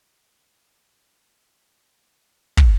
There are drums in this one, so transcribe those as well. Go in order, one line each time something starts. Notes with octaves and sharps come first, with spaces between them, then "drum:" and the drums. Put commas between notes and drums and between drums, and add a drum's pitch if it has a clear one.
C6
A#5
A#5
A5
A#5
drum: kick